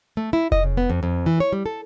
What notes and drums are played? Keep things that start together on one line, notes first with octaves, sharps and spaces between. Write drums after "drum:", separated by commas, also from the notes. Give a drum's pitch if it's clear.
A3
E4
D#5, drum: kick F1
C#3
B3
F2
F2
E3
C#5
G3
A4